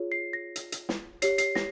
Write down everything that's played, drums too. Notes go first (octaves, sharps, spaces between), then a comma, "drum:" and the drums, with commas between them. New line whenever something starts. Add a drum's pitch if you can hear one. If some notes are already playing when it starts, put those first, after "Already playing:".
Already playing: F4 G#4 C#5
C7
A#6
drum: hi-hat
drum: hi-hat
drum: snare
G4 C#5 C7, drum: hi-hat
C7, drum: hi-hat
A#6, drum: snare